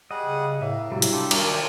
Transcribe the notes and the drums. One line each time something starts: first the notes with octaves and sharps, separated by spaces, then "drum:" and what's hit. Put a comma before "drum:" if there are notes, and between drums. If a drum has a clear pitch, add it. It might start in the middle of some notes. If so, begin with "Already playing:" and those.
G3 G#4 D#5 F#5
C#3
A2 A#3 E5
C3 F#3 G3 E4
drum: hi-hat
D4 F4 G4 A4
D#3 F#4 A#4 D5 D6, drum: cymbal